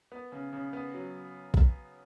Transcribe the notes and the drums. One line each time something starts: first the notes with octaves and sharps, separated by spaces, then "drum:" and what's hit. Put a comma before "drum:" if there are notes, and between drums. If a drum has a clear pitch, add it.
B3
C#3
C#3
B3
F#3
drum: kick A#1